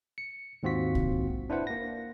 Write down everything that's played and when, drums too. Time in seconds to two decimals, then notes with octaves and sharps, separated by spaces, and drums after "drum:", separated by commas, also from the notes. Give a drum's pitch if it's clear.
0.18 C#7
0.63 D#2 G#2 C4 F4 F#4 B6
0.95 drum: kick
1.50 D4 E4 B4 C5 F#5
1.67 A#3 A#6